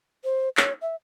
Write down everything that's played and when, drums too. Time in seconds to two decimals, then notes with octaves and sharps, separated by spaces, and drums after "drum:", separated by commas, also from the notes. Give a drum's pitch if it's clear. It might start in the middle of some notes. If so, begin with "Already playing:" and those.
0.24 C5
0.57 C#5, drum: clap
0.82 E5